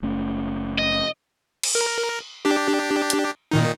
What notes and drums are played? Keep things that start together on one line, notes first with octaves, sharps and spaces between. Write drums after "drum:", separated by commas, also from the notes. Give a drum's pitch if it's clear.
F#1 A3 C#4
D#5
drum: cymbal
A#4
D4 G4
drum: hi-hat
A#2 D#3 D#4